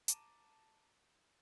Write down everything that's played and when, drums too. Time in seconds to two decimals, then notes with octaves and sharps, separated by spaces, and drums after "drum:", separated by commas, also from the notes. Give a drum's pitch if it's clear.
0.08 A5 A#5 D6 D#7 E7, drum: hi-hat